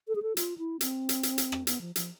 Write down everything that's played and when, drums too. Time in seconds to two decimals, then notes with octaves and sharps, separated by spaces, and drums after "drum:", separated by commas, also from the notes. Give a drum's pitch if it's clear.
0.08 A4
0.15 G#4
0.22 A4
0.37 F4, drum: hi-hat
0.58 E4
0.81 C4, drum: hi-hat
1.09 drum: hi-hat
1.23 drum: hi-hat
1.38 drum: hi-hat
1.52 drum: rim click
1.67 B3, drum: hi-hat
1.81 F3
1.96 F3, drum: hi-hat